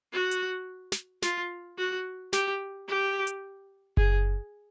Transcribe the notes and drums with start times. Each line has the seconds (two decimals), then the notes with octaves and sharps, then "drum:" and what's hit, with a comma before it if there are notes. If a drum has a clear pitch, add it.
0.12 F#4
0.31 drum: hi-hat
0.92 drum: snare
1.22 F4, drum: snare
1.78 F#4
2.33 G4, drum: snare
2.88 G4
3.27 drum: hi-hat
3.97 G#4, drum: kick F#1